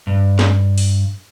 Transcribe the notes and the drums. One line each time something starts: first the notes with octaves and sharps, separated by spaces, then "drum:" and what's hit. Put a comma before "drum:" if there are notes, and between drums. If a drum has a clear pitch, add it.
G2
drum: snare
drum: open hi-hat